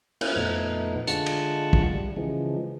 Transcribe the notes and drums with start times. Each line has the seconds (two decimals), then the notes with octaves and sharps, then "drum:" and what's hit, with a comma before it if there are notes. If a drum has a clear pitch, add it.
0.21 A#3 C#4 E4 F4, drum: cymbal
0.36 F2 A#2 A3 B3 D#4
1.07 D3 G#3 F4 F#5 A5 C#6, drum: hi-hat
1.26 drum: cymbal
1.73 drum: kick
1.94 G3
2.16 C#3 E3 F3 G#3